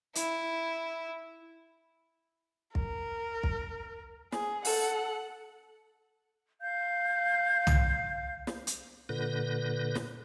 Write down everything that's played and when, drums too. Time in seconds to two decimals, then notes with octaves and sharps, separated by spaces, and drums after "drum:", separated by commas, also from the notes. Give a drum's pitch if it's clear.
0.15 E4, drum: hi-hat
2.75 A#4, drum: kick
3.43 drum: kick
4.32 G#4, drum: snare
4.65 A4 F#5, drum: open hi-hat
6.61 F5 G6
7.67 drum: tom
8.47 drum: snare
8.67 drum: hi-hat
9.09 A#2 D3 B4 G6 A#6
9.95 drum: snare